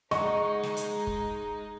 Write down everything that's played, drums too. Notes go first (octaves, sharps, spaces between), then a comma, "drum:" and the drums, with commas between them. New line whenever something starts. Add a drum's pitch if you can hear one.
G#3 D#4 D#5 F#5 C#6, drum: snare
drum: snare
drum: hi-hat
drum: kick